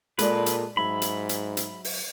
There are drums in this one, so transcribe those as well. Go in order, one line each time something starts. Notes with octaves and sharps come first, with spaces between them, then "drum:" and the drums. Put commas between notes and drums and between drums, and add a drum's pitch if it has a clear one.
A#2 G#3 A4 B4 D5, drum: hi-hat
drum: hi-hat
G#2 F#3 E5 B5
drum: hi-hat
drum: hi-hat
drum: hi-hat
drum: open hi-hat